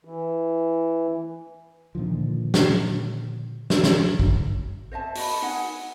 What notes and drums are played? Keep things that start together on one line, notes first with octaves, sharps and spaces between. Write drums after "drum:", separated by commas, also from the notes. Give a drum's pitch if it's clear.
E3
A#2 D3 D#3 F3
drum: snare
drum: snare
drum: snare
drum: kick
C5 D#5 E5 A5
F#4 D#5 B5, drum: open hi-hat
D#4 F#5 G#5